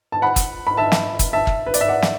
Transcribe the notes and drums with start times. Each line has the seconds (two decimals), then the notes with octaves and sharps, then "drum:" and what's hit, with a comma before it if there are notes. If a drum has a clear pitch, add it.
0.12 A5
0.22 F#5 B5
0.36 drum: kick, hi-hat
0.67 B5
0.77 E5 A5
0.92 drum: snare
1.19 drum: kick, hi-hat
1.33 E5 A5
1.47 drum: kick
1.66 B4
1.74 D5, drum: hi-hat
1.81 E5
1.89 D5 F#5
2.02 drum: snare